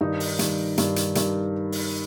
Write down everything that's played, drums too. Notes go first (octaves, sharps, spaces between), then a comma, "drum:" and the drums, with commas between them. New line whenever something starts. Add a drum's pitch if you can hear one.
G2 D#3 D#4
drum: open hi-hat
G2 D#3, drum: hi-hat
G2 D#3, drum: hi-hat
drum: hi-hat
G2 D#3, drum: hi-hat
drum: open hi-hat